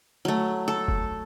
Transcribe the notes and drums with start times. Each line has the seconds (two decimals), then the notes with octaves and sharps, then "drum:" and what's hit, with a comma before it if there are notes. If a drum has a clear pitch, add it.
0.25 F#3 A3
0.68 A4
0.88 drum: kick